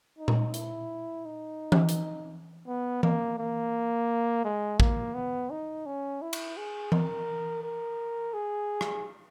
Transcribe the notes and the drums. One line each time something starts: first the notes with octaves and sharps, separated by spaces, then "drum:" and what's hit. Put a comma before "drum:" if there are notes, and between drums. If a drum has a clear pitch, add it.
D#4
drum: tom A#2
E4, drum: hi-hat
D#4
drum: tom E3
drum: hi-hat
B3
A#3, drum: tom E3
A#3
G#3
A#3, drum: kick A1
B3
D#4
C#4
E4
drum: cymbal
G#4
A#4, drum: tom E3
A#4
G#4
drum: rim click